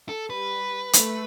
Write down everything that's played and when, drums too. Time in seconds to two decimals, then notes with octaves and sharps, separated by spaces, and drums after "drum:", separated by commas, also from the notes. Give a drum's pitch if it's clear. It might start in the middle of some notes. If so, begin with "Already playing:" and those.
0.09 A4
0.30 G3 B4
0.93 A3, drum: hi-hat